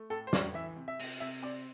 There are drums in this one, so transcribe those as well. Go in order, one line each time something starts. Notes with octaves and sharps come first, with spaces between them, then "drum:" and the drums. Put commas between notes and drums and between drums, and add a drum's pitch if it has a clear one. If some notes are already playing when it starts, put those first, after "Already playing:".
Already playing: A3
A2 A4
C5
A2 D5, drum: snare
E3 E5
C3
E5
C3, drum: open hi-hat
C3 E5
C4 D5